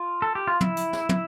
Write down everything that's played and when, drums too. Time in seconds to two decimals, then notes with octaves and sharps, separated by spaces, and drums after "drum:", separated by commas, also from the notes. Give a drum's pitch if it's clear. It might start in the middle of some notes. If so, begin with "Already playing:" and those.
Already playing: F4
0.22 A4
0.35 G4
0.47 F4
0.61 E4, drum: tom
0.77 drum: hi-hat
0.93 drum: snare
1.09 drum: tom